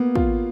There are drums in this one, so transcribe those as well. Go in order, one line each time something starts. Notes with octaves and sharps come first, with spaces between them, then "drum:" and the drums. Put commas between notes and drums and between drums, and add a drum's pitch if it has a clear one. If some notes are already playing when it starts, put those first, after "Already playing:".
Already playing: A#3 B3
F4, drum: kick